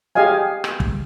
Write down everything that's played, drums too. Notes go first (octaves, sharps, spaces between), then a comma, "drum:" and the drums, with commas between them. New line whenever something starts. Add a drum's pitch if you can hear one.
G4 G#4 D#5 F5 G#5
drum: rim click
drum: kick